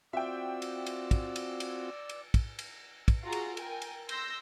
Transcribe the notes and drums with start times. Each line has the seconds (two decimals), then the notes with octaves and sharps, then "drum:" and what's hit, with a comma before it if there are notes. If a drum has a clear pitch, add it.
0.13 C4 F4 F#4 D5 E5 G5 E6
0.62 drum: cymbal
0.87 drum: cymbal
1.11 drum: kick, cymbal
1.36 drum: cymbal
1.60 drum: cymbal
2.09 drum: cymbal
2.34 drum: kick, cymbal
2.59 drum: cymbal
3.08 drum: kick, cymbal
3.23 F4 F#4 G#4 A#5
3.32 drum: cymbal
3.57 A#4 G5 G#5, drum: cymbal
3.82 drum: cymbal
4.09 C6 E6 G6 A#6, drum: cymbal